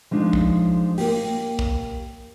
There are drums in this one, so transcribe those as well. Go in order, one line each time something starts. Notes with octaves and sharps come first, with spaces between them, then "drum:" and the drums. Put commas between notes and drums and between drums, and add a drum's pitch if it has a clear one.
F3 G#3 D4 D#4
drum: kick
A#3 G4, drum: open hi-hat
drum: kick